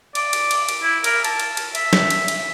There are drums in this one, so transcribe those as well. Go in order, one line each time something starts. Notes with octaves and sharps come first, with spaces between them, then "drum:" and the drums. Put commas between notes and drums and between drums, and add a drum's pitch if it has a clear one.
D5, drum: cymbal
drum: cymbal
drum: cymbal
drum: cymbal
E4
A#4, drum: cymbal
A5, drum: cymbal
drum: cymbal
drum: cymbal
E5, drum: cymbal
drum: snare
drum: cymbal
drum: cymbal